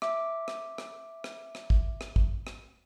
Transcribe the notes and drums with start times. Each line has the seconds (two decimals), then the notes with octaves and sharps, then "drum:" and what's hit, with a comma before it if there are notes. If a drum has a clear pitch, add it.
0.02 E5 D6, drum: rim click
0.48 drum: rim click
0.78 drum: rim click
1.24 drum: rim click
1.55 drum: rim click
1.70 drum: kick
2.01 drum: rim click
2.16 drum: kick
2.47 drum: rim click